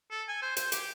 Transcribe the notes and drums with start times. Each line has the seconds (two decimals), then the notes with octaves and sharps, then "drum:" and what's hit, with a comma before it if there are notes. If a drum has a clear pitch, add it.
0.11 A4
0.29 G#5
0.42 C5
0.57 C5, drum: hi-hat
0.72 G4, drum: hi-hat